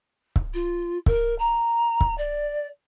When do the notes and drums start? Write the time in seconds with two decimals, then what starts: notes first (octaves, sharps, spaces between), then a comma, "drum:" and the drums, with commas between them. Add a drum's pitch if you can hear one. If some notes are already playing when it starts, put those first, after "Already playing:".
0.36 drum: kick C#1
0.53 F4
1.06 A#4, drum: kick C#1
1.38 A#5
2.01 drum: kick C#1
2.17 D5